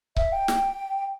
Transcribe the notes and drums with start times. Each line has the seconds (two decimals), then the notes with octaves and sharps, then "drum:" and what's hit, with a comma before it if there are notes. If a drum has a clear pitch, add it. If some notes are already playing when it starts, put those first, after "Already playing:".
0.16 E5, drum: kick C#1
0.33 G5
0.48 drum: snare